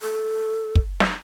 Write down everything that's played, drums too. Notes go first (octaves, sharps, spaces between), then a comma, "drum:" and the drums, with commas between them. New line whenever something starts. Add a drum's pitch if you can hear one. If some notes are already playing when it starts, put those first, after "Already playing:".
A4
drum: kick
drum: snare